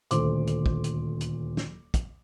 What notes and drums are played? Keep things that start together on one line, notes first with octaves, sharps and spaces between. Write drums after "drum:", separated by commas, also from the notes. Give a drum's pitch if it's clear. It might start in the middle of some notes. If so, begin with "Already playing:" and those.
D#1 D2 C5 C6 D6, drum: hi-hat
drum: hi-hat
drum: kick
drum: hi-hat
drum: hi-hat
drum: snare
drum: kick, hi-hat